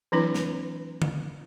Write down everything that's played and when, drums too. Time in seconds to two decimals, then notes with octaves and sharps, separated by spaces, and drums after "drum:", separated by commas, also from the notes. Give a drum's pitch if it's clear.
0.12 E3 F#3 C4 D4 E4 B4
0.34 drum: snare
1.02 drum: tom D3